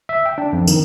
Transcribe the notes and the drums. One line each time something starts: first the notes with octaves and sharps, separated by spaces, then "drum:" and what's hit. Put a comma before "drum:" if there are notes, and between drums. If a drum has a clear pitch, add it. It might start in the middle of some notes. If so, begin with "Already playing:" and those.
E5
G5
D4
F2
D#3, drum: tambourine